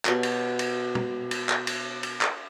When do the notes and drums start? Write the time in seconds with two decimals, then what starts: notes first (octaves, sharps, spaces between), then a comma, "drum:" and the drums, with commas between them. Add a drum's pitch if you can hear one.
0.05 B2 G4 C#5 A5, drum: clap
0.23 drum: cymbal
0.59 drum: cymbal
0.95 drum: tom
1.31 drum: cymbal
1.49 drum: clap
1.67 drum: cymbal
2.03 drum: cymbal
2.21 drum: clap